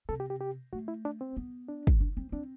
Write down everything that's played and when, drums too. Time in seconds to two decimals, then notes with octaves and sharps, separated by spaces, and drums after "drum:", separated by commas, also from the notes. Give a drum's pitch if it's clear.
0.09 C3 A4
0.20 G4
0.30 G4
0.41 G4
0.73 A3 F#4
0.88 E4
1.05 D4
1.21 C4
1.37 B3
1.68 D4
1.87 drum: kick
2.00 D4
2.17 C4
2.32 C4 D4